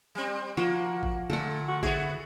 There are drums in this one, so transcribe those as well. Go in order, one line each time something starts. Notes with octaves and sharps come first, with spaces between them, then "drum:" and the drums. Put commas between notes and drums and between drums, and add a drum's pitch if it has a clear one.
G3 C4
F3 A#3 F#4
drum: kick A1
A#2 D3 A3 A4 F#5
F#4
B3 E4 F#4 G#4, drum: kick A1